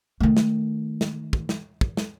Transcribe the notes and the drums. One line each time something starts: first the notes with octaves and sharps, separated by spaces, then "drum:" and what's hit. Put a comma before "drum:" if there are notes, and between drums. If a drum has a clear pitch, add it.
D#3 A3
drum: snare
drum: snare
drum: kick
drum: snare
drum: kick
drum: snare